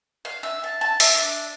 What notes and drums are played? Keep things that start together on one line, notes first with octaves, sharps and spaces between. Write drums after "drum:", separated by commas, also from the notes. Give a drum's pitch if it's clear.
F5
E5
A5
A5
E5, drum: open hi-hat
D4